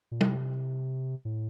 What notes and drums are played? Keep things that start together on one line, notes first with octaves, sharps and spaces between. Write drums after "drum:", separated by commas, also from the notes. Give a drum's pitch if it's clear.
A#2
C3, drum: tom
A2